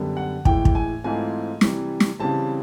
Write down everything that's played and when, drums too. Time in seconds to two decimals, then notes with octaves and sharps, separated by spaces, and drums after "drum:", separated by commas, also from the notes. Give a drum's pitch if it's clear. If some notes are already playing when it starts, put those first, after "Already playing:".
Already playing: F#2 D3 G3 B3
0.17 F#5
0.45 A2 E3 G#3 G5, drum: kick
0.65 drum: kick
0.75 G#5
1.04 G#2 E3 A3 C4 F4 G#5
1.61 C3 E3 G3, drum: snare
2.00 drum: snare
2.19 C#3 E3 G3 C4 A5